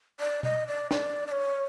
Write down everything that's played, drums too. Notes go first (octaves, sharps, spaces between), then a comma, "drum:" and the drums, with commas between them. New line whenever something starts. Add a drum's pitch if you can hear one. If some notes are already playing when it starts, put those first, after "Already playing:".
D5
D#5, drum: tom B2
D5
D5, drum: snare
D5
C#5